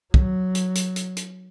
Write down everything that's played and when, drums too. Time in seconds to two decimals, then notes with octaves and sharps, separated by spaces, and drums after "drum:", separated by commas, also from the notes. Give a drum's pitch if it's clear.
0.14 F#3, drum: kick
0.55 drum: hi-hat
0.75 drum: hi-hat
0.96 drum: hi-hat
1.17 drum: hi-hat